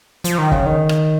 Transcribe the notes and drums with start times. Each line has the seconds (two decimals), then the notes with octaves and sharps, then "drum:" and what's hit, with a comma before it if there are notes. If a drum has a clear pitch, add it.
0.24 F3, drum: hi-hat
0.38 D#3
0.52 C#3, drum: kick
0.66 D#3
0.89 drum: rim click